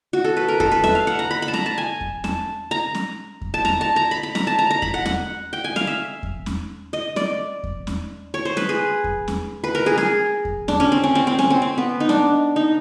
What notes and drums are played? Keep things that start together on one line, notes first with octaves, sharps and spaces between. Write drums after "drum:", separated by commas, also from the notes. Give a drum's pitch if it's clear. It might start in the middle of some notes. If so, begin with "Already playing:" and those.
F#4
A4
B4
A#4
A4, drum: kick E2
B4
E5, drum: snare C#4
F5
F#5
A#5
B5
B5
A5
A#5, drum: snare C#4
A5
G#5
drum: kick E2
A5, drum: snare C#4
A#5
drum: snare C#4
drum: kick E2
A5
A#5, drum: snare C#4
A5
A#5
B5
B5
A#5, drum: snare C#4
A5
A#5
A#5
B5, drum: kick E2
F#5
F#5, drum: snare C#4
G5
G#5
F5, drum: snare C#4
E5
drum: kick E2
drum: snare C#4
D#5
D5, drum: snare C#4
drum: kick E2
drum: snare C#4
C#5
C5
B4, drum: snare C#4
G#4
drum: kick E2
drum: snare C#4
B4
A#4
G#4
G#4, drum: snare C#4
drum: kick E2
D4, drum: snare C#4
C#4
C4
C#4
C4
C4
C#4, drum: snare C#4
C4
C4
B3
D#4
D4, drum: snare C#4
D#4